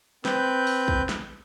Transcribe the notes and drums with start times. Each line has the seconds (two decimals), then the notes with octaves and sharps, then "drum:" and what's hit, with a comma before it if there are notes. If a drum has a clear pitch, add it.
0.25 C4 B4 G6, drum: snare
0.67 drum: open hi-hat
0.88 drum: kick
1.09 drum: snare